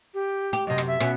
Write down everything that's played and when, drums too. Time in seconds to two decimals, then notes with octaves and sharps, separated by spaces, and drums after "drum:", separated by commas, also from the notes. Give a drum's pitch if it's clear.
0.14 G4
0.53 G4, drum: hi-hat
0.67 F#2 C3 D#5
0.78 drum: rim click
0.87 E5
1.00 B2 C#4, drum: rim click